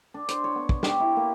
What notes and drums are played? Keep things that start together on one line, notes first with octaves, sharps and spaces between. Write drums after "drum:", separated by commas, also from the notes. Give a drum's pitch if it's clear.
D4
C5, drum: hi-hat
C#5
B3
drum: kick
G4, drum: snare
E4
A#3